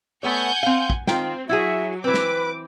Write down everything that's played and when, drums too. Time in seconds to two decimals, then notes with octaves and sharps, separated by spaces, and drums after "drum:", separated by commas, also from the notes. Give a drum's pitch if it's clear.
0.23 A3 B3 C#5 F#5 G#5 G6
0.63 C4 F5
0.90 drum: kick
1.07 D#3 C4 F4 G5, drum: snare
1.49 F#3 E4 F#4 G#4 E5
2.04 E3 C4 B4 D6
2.14 drum: snare